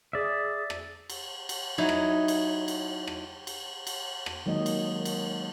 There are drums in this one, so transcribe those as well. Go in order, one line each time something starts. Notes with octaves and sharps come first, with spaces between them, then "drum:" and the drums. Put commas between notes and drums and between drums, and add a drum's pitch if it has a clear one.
G#4 D5 E5
drum: rim click
drum: cymbal
drum: cymbal
F#3 D#4 E4
drum: rim click
drum: cymbal
drum: cymbal
drum: rim click
drum: cymbal
drum: cymbal
drum: rim click
D#3 F#3 G#3 A#3 D#5
drum: cymbal
drum: cymbal